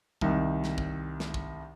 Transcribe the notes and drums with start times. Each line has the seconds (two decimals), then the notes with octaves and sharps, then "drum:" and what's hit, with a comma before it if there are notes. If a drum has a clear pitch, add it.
0.21 C2 D#3, drum: kick
0.64 drum: snare
0.78 drum: kick
1.20 drum: snare
1.34 drum: kick